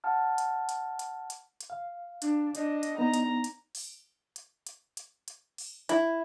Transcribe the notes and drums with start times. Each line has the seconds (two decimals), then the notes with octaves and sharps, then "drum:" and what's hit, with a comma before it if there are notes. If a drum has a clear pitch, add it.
0.04 F#5 A5 F6
0.38 drum: hi-hat
0.69 drum: hi-hat
0.99 drum: hi-hat
1.30 drum: hi-hat
1.61 drum: hi-hat
1.70 F5
2.22 D4, drum: hi-hat
2.55 D4 D#5, drum: hi-hat
2.83 drum: hi-hat
2.98 B3 D#4 A#5
3.14 drum: hi-hat
3.44 drum: hi-hat
3.75 drum: open hi-hat
4.36 drum: hi-hat
4.67 drum: hi-hat
4.97 drum: hi-hat
5.28 drum: hi-hat
5.58 drum: open hi-hat
5.89 E4, drum: hi-hat